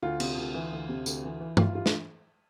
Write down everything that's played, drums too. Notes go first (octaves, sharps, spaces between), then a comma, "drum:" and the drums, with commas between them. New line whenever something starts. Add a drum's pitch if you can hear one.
D2 F4
C3, drum: cymbal
D2
E3
D2
C3
D2, drum: tambourine
E3
E3
E3 F4, drum: tom G2
G2 F4
D4, drum: snare